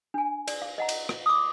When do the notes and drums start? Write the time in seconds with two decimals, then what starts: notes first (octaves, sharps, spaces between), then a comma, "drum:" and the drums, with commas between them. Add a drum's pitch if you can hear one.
0.14 D4 G#5
0.48 D5, drum: cymbal
0.62 F5
0.78 D#5 F#5 A#5
0.89 drum: cymbal
1.09 drum: rim click
1.26 D6 D#6